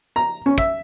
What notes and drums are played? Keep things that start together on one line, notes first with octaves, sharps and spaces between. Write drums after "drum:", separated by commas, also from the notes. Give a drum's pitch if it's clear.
A#5
C#4
E5, drum: kick